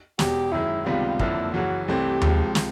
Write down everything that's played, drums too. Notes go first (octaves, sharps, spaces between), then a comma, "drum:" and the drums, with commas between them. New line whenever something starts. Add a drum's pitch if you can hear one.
E1 E2 B2 G4, drum: snare
F#2 D#3 G#3 E4
C#2 C3 D#3 G3 B3 F4
F#1 F2 D3 F3 A#3 E4, drum: kick
F#2 C#3 E3 F#4
C2 C3 E3 A3 C4 G4
C#2 C3 F3 G#3, drum: tom D#2
drum: snare